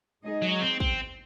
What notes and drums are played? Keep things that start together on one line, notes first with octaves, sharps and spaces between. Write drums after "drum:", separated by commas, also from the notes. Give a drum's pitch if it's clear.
G#3 D#4 G#4 D#5
F#3
C4
C4, drum: kick